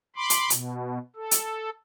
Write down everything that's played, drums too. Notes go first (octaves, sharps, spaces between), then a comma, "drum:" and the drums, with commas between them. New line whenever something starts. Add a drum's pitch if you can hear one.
B5 C6 D6
drum: hi-hat
B2, drum: hi-hat
A4
drum: hi-hat